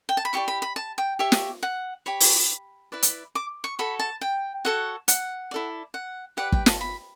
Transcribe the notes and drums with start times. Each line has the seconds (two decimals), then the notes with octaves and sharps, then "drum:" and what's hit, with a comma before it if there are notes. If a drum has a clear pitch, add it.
0.09 G5
0.17 A5
0.25 B5
0.33 E4 G4 D5 C#6
0.48 B5
0.62 B5
0.76 A5
0.98 G5
1.19 G4 C#5 E5
1.32 drum: snare
1.63 F#5
2.06 G4 C#5 B5
2.20 drum: open hi-hat
2.92 E4 B4 D5
3.03 drum: hi-hat
3.35 D6
3.64 C#6
3.79 F#4 A4 C#5 B5
3.99 A5
4.21 G5
4.65 F#4 A4 C#5 F#5
5.08 F#5, drum: hi-hat
5.51 E4 A4 D5
5.94 F#5
6.37 G4 B4 D5 F#5
6.52 G5, drum: kick
6.66 A5, drum: snare
6.81 B5